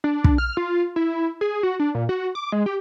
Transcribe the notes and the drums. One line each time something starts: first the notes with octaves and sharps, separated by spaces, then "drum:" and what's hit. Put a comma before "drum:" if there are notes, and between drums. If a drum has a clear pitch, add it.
D4
drum: kick
F6
F4
E4
G#4
F#4
D4
A#2
F#4
D6
G#3
G4